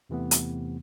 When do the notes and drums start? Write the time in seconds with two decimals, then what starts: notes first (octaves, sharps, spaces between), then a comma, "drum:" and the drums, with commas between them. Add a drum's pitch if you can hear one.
0.09 E2 C3 E3 A3 B3
0.31 drum: hi-hat